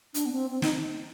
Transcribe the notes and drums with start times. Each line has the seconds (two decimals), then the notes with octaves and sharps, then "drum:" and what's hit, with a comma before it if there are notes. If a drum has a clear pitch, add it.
0.14 D4, drum: hi-hat
0.26 B3
0.32 C4
0.50 C4
0.62 D#4, drum: snare